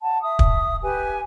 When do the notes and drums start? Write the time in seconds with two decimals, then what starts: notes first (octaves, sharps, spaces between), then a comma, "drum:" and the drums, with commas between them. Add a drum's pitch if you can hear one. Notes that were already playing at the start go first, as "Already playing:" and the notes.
0.02 F#5 A5
0.22 E5 D#6
0.39 drum: kick
0.83 G4 B4 G#5